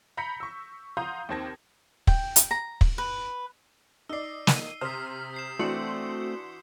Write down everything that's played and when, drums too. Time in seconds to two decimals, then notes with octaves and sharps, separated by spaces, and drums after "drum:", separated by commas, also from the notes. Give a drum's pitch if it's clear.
0.17 A#5 B5 G6 A#6 B6 C#7
0.40 C#6 E6
0.97 F5 F#5 A#5 C6 D#6 G6
1.29 D#2 D#3 C4 A5 G#6 A#6
2.07 G5, drum: kick
2.36 drum: hi-hat
2.51 A#5
2.81 drum: kick
2.98 B4
4.09 D#4 D5 E6 C7
4.47 D#7, drum: snare
4.81 C3 C5 D#6 F6 B6
5.34 G6 C7 E7
5.59 E3 A3 C4 D4 F#4 C6